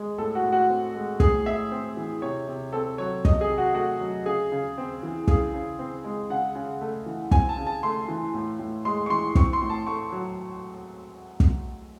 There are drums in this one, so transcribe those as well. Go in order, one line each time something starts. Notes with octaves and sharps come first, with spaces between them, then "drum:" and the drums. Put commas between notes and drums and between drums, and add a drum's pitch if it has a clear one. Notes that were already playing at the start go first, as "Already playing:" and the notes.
Already playing: G#3
A2 A4
F#4
A2
F#4
C4
G#3
A2 G#4, drum: kick
A2 E5
C4
E3
C3 C#5
C3
C4 A4
F#3 C#5
C3 D#5, drum: kick
G#4
C3
F#4
A3 F#4
F#3
C#3 G#4
C#3
C4
E3
C#3 G#4, drum: kick
C#3
C4
G#3
C#3 F#5
C#3
A3
E3
C4 G#5, drum: kick
A5
C#3
A5
A3 C6
E3
A2
A2
G#3 C6
C#6
E3 C6
C4 C#6, drum: kick
C6
A2
A5
A3 C#6
F#3
drum: kick